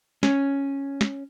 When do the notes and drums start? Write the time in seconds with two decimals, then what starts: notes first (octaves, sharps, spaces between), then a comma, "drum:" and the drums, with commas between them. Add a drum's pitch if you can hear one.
0.23 C#4, drum: snare
1.01 drum: snare